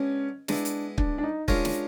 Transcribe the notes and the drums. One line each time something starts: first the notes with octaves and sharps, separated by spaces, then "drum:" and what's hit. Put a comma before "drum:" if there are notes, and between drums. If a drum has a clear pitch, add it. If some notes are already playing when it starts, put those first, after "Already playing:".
Already playing: G#3 B3 C#4 D4
G#3 B3 D4 E4, drum: snare
drum: hi-hat
D4, drum: kick
D4
D#4
G#3 C#4 D4 F4 A#4 C#5, drum: kick
drum: snare